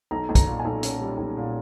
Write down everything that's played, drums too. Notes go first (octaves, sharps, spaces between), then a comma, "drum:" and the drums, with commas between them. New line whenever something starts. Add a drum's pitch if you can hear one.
B1 A#5
B1
A#5, drum: kick B1, hi-hat
A#2
G#5
B1
C#4, drum: hi-hat
G3
B1
A#2